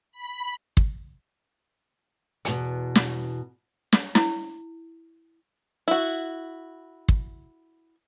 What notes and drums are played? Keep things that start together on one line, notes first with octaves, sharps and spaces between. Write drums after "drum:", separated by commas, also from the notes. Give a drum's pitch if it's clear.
B5
drum: kick
E2 B2, drum: hi-hat
drum: snare
drum: snare
E4, drum: snare
E4 F#4
drum: kick